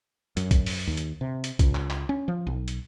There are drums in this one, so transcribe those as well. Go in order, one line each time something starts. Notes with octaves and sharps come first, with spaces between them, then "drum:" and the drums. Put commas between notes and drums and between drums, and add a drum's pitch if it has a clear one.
F#2, drum: hi-hat
drum: kick, hi-hat
drum: open hi-hat
D#2
drum: hi-hat
C3
drum: hi-hat
C#2, drum: kick, hi-hat
drum: clap
drum: clap
C#4
F3
B1
drum: hi-hat